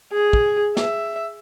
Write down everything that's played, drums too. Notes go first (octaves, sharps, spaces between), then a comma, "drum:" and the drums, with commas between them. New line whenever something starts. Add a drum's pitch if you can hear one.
G#4
drum: kick
E5, drum: snare